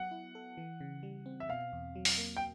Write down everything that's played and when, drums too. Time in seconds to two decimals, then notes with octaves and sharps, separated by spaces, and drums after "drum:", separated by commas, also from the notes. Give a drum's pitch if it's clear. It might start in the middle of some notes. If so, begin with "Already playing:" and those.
Already playing: F#3 B3 F#5
0.11 E4
0.35 A4
0.57 E3
0.81 C#3
1.03 G3
1.26 C4
1.40 E5
1.49 B2 F5
1.73 E2
1.96 F#3
2.05 drum: open hi-hat
2.18 A#3
2.37 G5